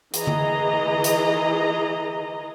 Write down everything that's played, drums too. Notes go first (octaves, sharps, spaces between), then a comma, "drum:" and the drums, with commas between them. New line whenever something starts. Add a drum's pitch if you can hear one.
E3 G#4 D#5 A#5, drum: hi-hat
drum: tom D3
drum: hi-hat